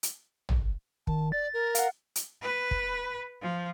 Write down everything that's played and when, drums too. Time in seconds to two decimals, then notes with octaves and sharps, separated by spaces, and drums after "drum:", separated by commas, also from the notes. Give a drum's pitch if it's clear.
0.03 drum: hi-hat
0.49 drum: tom
1.07 D#3 A5, drum: kick
1.32 D5 A6
1.54 A#4
1.75 F5 F#5, drum: hi-hat
2.16 drum: hi-hat
2.42 B4
2.71 drum: kick
3.41 F3